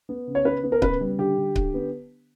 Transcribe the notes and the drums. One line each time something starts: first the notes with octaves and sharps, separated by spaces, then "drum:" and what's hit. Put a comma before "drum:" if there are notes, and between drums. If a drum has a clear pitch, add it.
B3
C#3
C#5
B3 B4
B3
A#4
C#3 B4, drum: kick C#1
G3
D3 G4
D3
D3, drum: kick C#1
B3